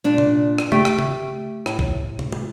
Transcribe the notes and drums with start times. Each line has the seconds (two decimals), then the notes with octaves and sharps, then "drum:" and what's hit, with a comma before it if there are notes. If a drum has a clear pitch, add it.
0.04 A#2 D4
0.18 drum: tom
0.58 drum: rim click
0.72 A3 G4, drum: tom C#3
0.85 drum: rim click
0.99 drum: tom C#3
1.66 A2, drum: rim click
1.79 drum: kick B1
2.19 drum: tom
2.32 drum: tom